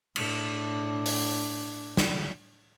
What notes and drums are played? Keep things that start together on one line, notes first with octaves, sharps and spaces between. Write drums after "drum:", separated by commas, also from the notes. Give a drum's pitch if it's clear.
A2 D4, drum: cymbal
drum: open hi-hat
drum: snare